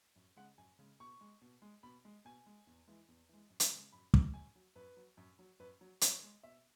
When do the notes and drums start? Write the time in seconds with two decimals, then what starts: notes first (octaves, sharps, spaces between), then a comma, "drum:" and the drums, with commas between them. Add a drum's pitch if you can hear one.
0.16 F#2
0.37 C#3 G#3 F#5
0.58 F#2 G#5
0.79 C#3 G#3
1.00 B2 C#6
1.21 G#3
1.42 B2
1.62 G#3
1.83 B2 B5
2.05 G#3
2.25 B2 G#5
2.46 G#3
2.67 E2
2.87 E3 G#3
3.08 E2
3.29 E3 G#3
3.50 F#2
3.60 drum: hi-hat
3.72 C#3 G#3
3.92 F#2 B5
4.14 C#3 G#3, drum: kick
4.34 F#2 G#5
4.55 F#3
4.76 F#2 B4
4.97 F#3
5.17 F#2
5.39 F#3
5.60 F#2 B4
5.81 F#3
6.01 B2 C#5, drum: hi-hat
6.23 G#3
6.43 B2 E5